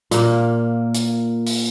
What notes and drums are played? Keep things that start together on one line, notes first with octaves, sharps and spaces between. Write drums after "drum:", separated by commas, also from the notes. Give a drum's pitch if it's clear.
A#2 A#3, drum: hi-hat
drum: hi-hat
drum: open hi-hat